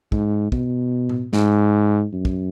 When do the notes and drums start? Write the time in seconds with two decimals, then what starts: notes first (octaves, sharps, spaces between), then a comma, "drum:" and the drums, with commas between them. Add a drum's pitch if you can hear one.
0.12 G#2, drum: kick
0.52 B2, drum: kick
1.09 drum: tom A2
1.33 G#2, drum: snare
2.13 F#2
2.25 drum: kick